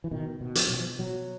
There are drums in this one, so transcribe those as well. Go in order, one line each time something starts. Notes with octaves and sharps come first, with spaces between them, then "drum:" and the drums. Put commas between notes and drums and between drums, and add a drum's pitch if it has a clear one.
E3
B2 D#3
B2
F3, drum: hi-hat
B2 F#3
F3
B2 F#3